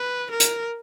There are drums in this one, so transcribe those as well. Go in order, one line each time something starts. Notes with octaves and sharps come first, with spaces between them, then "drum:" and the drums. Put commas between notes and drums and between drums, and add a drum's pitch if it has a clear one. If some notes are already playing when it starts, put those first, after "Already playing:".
Already playing: B4
A#4
drum: hi-hat